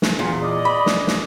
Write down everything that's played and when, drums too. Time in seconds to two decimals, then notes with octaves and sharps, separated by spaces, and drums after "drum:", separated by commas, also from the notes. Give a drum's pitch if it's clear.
0.02 drum: snare
0.19 E2 A#2
0.41 D5 D#5
0.65 B5
0.86 drum: snare
1.07 drum: snare